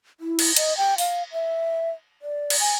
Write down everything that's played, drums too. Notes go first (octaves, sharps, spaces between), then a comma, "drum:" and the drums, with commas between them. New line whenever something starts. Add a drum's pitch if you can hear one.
E4
drum: cymbal
D#5, drum: hi-hat
G5
F5, drum: open hi-hat
E5
D5
drum: cymbal
G#5